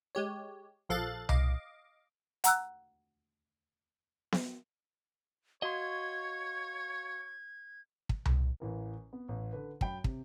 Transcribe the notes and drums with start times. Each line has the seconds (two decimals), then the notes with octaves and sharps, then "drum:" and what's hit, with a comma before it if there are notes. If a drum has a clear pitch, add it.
0.15 G#3 G4 C#5
0.89 A#1 F3 A4 F5 F#6 A6
1.29 D#5 F5 D6, drum: tom C2
2.44 F#5 A#5 E6 F#6, drum: hi-hat
4.32 drum: snare B3
5.62 F#4 C#5 D#5 F5 C6 G#6
8.09 drum: kick
8.26 drum: tom C2
8.60 A1 E3 A#4
9.13 B3
9.28 A1
9.53 D3 B4
9.81 F#2 G5 B5, drum: kick
10.04 C3, drum: kick